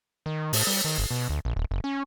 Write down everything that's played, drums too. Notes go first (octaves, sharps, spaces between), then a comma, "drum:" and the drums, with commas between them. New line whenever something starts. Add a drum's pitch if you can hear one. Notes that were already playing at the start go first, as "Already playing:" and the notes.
D#3
A2, drum: open hi-hat
G3
D#3
G1
B2
D2
A#1
D#1
F#1
C#4